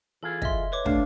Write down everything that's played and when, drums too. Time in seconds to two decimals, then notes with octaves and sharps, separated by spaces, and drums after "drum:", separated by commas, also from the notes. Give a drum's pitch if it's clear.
0.23 E3 F4 G#4 A4
0.42 D#5 E5 C6, drum: kick
0.72 B4 C#5 D6
0.86 A3 D4 F5, drum: kick